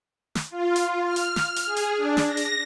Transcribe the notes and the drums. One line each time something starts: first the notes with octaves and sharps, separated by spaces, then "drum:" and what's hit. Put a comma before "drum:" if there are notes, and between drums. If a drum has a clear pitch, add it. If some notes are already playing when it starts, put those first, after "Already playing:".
drum: snare
F4
drum: hi-hat
F6
drum: hi-hat
drum: snare
drum: hi-hat
G#4
drum: hi-hat
D4
drum: snare
A#6
drum: hi-hat